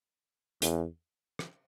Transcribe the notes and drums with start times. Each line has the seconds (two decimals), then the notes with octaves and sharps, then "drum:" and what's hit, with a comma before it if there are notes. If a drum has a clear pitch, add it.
0.62 E2, drum: hi-hat
1.39 drum: rim click